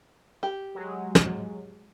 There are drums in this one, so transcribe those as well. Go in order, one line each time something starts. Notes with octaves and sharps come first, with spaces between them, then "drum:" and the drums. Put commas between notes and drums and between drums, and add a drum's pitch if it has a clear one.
G4
F#3 G#3
drum: snare